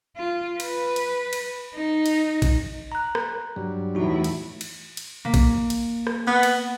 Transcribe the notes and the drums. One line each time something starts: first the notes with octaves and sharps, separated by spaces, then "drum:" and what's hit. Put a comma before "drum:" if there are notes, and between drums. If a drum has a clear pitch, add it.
F4
B4, drum: cymbal
drum: cymbal
drum: cymbal
D#4
drum: cymbal
drum: kick, cymbal
A#5 F#6
drum: rim click
G2 F#3 G3
E2 A2 D#4 E4 F#4
drum: cymbal
drum: cymbal
drum: cymbal
A#3 B6
drum: kick, cymbal
drum: cymbal
drum: rim click
B3 F6
drum: cymbal